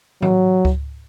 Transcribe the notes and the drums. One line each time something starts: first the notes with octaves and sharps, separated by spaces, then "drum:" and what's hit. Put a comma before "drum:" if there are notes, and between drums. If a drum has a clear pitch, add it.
F#3, drum: tom
drum: kick C#2